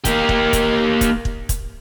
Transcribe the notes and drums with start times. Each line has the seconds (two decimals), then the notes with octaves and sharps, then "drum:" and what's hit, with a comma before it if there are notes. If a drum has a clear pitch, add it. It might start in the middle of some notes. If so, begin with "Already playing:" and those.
0.05 A#3 G4, drum: kick, hi-hat
0.29 drum: kick
0.53 drum: kick, hi-hat
1.01 drum: kick, hi-hat
1.25 drum: kick
1.49 drum: kick, hi-hat